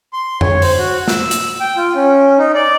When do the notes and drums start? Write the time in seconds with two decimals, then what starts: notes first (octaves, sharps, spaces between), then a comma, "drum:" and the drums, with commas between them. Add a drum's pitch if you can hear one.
0.13 C6
0.41 C#5, drum: tom F2
0.62 C5, drum: open hi-hat
0.78 F#4
1.08 E6, drum: snare
1.31 drum: hi-hat
1.60 G5
1.76 F4
1.95 C#4
2.38 D#4
2.55 D5